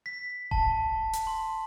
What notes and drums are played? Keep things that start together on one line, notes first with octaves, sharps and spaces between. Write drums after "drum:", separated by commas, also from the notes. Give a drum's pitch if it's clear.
B6
A5, drum: kick D#1
drum: hi-hat
C6